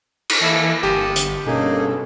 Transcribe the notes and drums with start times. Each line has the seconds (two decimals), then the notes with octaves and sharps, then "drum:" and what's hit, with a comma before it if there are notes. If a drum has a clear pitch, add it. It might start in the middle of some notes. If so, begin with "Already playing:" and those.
0.29 drum: cymbal
0.41 E3 A#3 E4 A4 G#5
0.83 G1 G4 A5 D#6
1.16 drum: hi-hat
1.46 G2 B2 A#3 C#4 D#4 G#4 A4